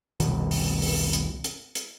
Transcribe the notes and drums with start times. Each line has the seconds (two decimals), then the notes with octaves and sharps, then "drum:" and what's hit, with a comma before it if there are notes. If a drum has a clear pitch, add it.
0.20 F1 C2 B2 D#3, drum: hi-hat
0.51 drum: open hi-hat
0.82 drum: open hi-hat
1.13 drum: hi-hat
1.44 drum: hi-hat
1.75 drum: hi-hat